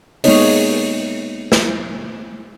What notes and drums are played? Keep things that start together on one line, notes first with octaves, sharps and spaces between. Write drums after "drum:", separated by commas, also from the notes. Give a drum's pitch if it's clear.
G#3 A#3 B3 D#4 C#5 D#5, drum: open hi-hat
drum: snare